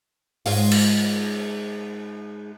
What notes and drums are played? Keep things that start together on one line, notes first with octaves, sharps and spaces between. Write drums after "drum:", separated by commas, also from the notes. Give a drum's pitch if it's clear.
G#2 G#3 F4, drum: open hi-hat
drum: cymbal